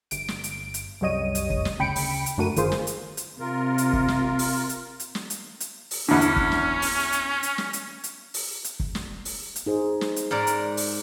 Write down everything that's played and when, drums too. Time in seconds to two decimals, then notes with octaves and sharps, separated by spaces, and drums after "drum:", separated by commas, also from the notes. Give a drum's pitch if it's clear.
0.11 G1 D7, drum: hi-hat
0.28 drum: snare
0.44 drum: hi-hat
0.74 drum: hi-hat
1.01 C2 F#2 G3 C#5 D#5 D#7
1.35 drum: hi-hat
1.50 drum: kick
1.65 drum: snare
1.79 D2 C#3 G5 B5 C#7 D7
1.96 drum: open hi-hat
2.26 drum: hi-hat
2.38 F#2 D3 A3 F#4 A#4 D#7
2.56 G1 D#3 A#3 F4 G#4 C5, drum: hi-hat
2.72 drum: snare
2.87 drum: hi-hat
3.17 drum: hi-hat
3.40 C3 F4 A#4
3.78 drum: hi-hat
3.93 drum: kick
4.08 drum: snare
4.39 drum: open hi-hat
4.69 drum: hi-hat
5.00 drum: hi-hat
5.15 drum: snare
5.30 drum: hi-hat
5.60 drum: hi-hat
5.91 drum: open hi-hat
6.08 E2 D3 C#4
6.21 drum: hi-hat
6.36 drum: kick
6.52 drum: snare
6.82 drum: open hi-hat
7.12 drum: hi-hat
7.43 drum: hi-hat
7.58 drum: snare
7.73 drum: hi-hat
8.04 drum: hi-hat
8.34 drum: open hi-hat
8.64 drum: hi-hat
8.80 drum: kick
8.95 drum: snare
9.25 drum: open hi-hat
9.56 drum: hi-hat
9.66 D#4 G#4 C5
10.01 drum: snare
10.16 drum: hi-hat
10.31 G#2 A#4 D5
10.47 drum: hi-hat
10.77 drum: open hi-hat